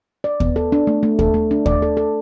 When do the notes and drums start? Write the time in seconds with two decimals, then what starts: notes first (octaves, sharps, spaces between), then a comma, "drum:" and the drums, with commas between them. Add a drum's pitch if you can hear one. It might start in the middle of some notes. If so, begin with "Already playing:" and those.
0.24 D5
0.40 B3, drum: kick D#2
0.56 A4
0.72 D4
0.87 A3
1.03 A3
1.19 A4, drum: kick D#2
1.34 A3
1.51 D4
1.66 D5, drum: kick D#2
1.82 A4
1.97 A4